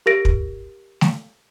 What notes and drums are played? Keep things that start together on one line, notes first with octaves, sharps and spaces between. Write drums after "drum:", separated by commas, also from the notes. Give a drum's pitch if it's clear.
G4 A#4 A#6 D7
drum: kick
drum: snare A3